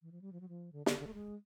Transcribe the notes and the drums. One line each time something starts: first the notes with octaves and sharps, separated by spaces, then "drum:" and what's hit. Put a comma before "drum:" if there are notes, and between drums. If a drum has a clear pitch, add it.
E3
F3
G3
F3
F#3
F3
D3
D3, drum: snare
D3
A3
G#3